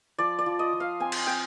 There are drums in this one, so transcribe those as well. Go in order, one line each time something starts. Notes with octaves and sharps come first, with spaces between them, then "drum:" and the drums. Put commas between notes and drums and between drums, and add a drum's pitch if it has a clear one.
F3 D5
D5
F3
D#5
F3
F5
C4 G#5
drum: cymbal
C4 G5